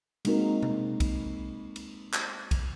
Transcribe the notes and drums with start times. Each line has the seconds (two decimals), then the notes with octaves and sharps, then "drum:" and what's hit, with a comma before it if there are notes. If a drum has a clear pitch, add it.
0.25 G#3 A#3 C4 D#4 F#4 A#4, drum: cymbal
0.63 drum: tom B2
1.00 drum: kick B1, cymbal
1.76 drum: cymbal
2.13 drum: clap
2.51 drum: kick B1, cymbal